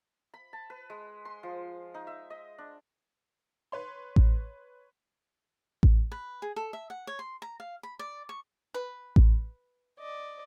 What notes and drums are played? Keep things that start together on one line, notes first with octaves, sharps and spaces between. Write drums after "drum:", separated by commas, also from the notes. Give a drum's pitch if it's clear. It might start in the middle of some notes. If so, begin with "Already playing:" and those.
B5
A5
B4
G#3
C6
F3
D#4
E5
D#5
D4
B4 C#5 C6
drum: kick A1
drum: kick A1
B4
G#4
A4
E5
F#5
C#5
C6
A#5
F5
B5
D5
C#6
B4
drum: kick A1
D5 D#5